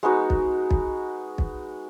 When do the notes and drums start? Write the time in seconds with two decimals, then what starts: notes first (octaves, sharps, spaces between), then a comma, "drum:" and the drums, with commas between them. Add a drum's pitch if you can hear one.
0.03 G#3 B3 D#4 F#4
0.30 drum: kick
0.71 drum: kick
1.38 drum: kick